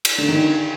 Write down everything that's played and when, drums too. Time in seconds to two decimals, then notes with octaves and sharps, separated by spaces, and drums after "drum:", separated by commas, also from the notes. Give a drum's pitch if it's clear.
0.05 drum: cymbal
0.18 D3
0.29 D#3